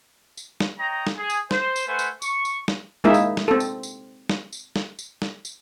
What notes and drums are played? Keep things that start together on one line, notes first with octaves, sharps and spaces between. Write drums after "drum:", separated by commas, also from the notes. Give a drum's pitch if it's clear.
drum: tambourine
drum: snare
C#5 D#5 G5 A#5
drum: snare
G#4
drum: tambourine
C5, drum: snare
drum: tambourine
A3 B4 C5 F#5 G#5
drum: tambourine
C#6, drum: tambourine
drum: tambourine
drum: snare
G#3 A#3 D#4 E4 G#4 E5
drum: tambourine
drum: snare
C4 A4
drum: tambourine
drum: tambourine
drum: snare
drum: tambourine
drum: snare
drum: tambourine
drum: snare
drum: tambourine